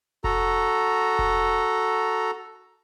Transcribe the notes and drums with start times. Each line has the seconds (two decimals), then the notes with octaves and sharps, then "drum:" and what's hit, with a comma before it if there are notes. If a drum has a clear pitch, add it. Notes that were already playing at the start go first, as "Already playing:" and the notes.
0.24 F#4 A4 A#5, drum: kick F1
1.19 drum: kick F1